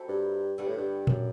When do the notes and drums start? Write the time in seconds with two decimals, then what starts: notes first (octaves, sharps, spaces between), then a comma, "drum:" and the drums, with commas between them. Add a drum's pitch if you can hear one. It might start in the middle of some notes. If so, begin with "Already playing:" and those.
Already playing: F#3 C4 E4 A4
0.09 G2
0.58 G2 D3 G3 B3 D4
0.68 A2
0.78 G2
1.07 F#2, drum: tom A#2